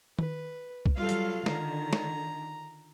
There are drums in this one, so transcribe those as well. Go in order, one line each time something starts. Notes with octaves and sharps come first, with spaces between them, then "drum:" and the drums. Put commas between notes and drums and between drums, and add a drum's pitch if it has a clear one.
B4, drum: tom D#3
drum: kick
F#3 G3 F4 A4 F5
drum: hi-hat
D3 D#3 A#5, drum: snare
drum: snare